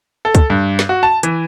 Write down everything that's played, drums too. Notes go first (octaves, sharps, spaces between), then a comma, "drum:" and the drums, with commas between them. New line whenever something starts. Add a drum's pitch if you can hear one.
A4
drum: kick, hi-hat
G2
drum: snare
F#4
A5
E3, drum: hi-hat